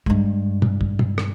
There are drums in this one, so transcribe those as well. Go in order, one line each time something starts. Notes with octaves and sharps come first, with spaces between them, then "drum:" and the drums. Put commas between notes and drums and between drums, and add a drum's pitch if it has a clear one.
G2 G#3, drum: kick
drum: tom
drum: kick
drum: tom
drum: rim click